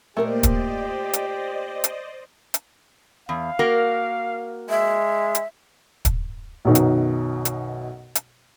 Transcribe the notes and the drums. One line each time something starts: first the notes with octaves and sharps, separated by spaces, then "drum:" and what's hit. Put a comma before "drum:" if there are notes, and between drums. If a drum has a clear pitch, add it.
A#2 A3 A#3 G4 A#4 C5 D5 D#5
drum: kick, hi-hat
drum: hi-hat
drum: hi-hat
drum: hi-hat
E2 F5
A#3 F#4 A#4
G#3 E5
drum: hi-hat
drum: kick, hi-hat
B1 F#2 B2 D#3
drum: hi-hat
drum: hi-hat
drum: hi-hat